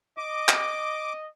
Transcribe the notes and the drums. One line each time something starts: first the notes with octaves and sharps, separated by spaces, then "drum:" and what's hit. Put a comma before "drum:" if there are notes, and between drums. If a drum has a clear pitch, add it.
D#5 D6
drum: clap